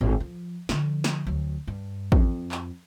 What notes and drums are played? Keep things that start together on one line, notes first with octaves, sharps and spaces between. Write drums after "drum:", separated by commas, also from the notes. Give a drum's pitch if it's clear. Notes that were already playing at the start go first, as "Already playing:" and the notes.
G#1
F3
D3 F3, drum: snare
drum: snare
D2 F#3
G2
F2, drum: kick
drum: clap